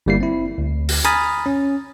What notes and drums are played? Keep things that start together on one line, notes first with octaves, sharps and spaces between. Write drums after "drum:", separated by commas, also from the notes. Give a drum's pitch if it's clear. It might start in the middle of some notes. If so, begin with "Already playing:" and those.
G1 G2 G3 A#3 E4 C7
C4 E4
D2
drum: open hi-hat
G#5 A#5 B5 D#6 F6 A6, drum: hi-hat
C#4